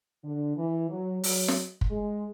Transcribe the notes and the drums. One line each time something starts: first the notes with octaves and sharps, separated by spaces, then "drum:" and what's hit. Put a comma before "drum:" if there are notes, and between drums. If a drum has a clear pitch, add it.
D3
E3
F#3
F#3, drum: open hi-hat
drum: snare
drum: kick
G#3